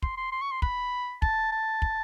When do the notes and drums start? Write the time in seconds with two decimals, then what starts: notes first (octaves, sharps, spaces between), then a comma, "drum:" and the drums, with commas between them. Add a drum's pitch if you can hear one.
0.02 C6, drum: kick
0.17 C6
0.32 C6
0.41 C#6
0.51 C6
0.62 B5, drum: kick
1.22 A5, drum: kick
1.52 A5
1.82 drum: kick